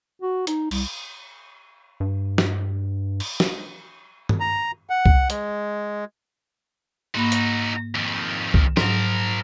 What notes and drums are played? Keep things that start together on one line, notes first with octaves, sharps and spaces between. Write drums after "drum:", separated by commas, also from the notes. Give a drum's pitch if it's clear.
F#4
D#4, drum: hi-hat
C2, drum: cymbal
G2
drum: snare
drum: cymbal
drum: snare
drum: tom G2
A#5
F#5
drum: kick C2
G#3, drum: hi-hat
G#2 A#3 D#4 F#4 B5
drum: hi-hat
F2 D#3
drum: kick C2
G#2 F3 F#3 A#4, drum: snare